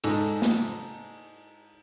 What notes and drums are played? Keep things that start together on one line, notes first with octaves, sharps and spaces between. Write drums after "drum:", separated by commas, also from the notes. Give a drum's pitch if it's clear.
G#2 A4, drum: cymbal
drum: snare